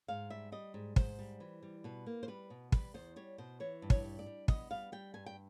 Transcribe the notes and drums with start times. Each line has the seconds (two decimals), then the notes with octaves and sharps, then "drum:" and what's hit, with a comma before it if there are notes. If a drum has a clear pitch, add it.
0.08 G#2 F5
0.30 G3 E5
0.52 G3 D#5
0.74 G#2
0.96 G#2 C5, drum: kick
1.19 G3
1.40 E3
1.63 G3
1.84 B2 B4
2.06 A#3
2.23 C5
2.28 G3 B4
2.50 B2
2.72 G3 B4, drum: kick
2.94 E2 C5
3.16 G3 C#5
3.38 B2 C5
3.60 E3 C#5
3.82 G2
3.90 C#5, drum: kick
4.04 G3
4.19 D5
4.26 G3
4.48 B3 D#5, drum: kick
4.70 G3 F5
4.92 G3 G5
5.14 G2 G#5
5.26 G5